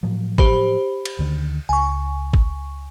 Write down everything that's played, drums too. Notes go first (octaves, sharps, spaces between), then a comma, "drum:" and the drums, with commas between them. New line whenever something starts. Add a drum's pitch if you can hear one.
A2 F3 F#3
G4 C5 B5, drum: kick
drum: cymbal
D2 D3 D#3
C#2 G#5 C#6
drum: kick